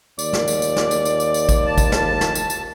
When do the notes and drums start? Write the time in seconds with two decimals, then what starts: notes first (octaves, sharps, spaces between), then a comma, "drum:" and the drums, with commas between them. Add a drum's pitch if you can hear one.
0.19 D#2 D5, drum: tambourine
0.33 drum: snare
0.48 drum: tambourine
0.62 drum: tambourine
0.76 drum: snare
0.91 drum: tambourine
1.05 drum: tambourine
1.20 drum: tambourine
1.34 drum: tambourine
1.49 drum: kick, tambourine
1.66 A5
1.78 drum: kick, tambourine
1.92 drum: snare
2.21 drum: snare
2.35 drum: tambourine
2.50 drum: tambourine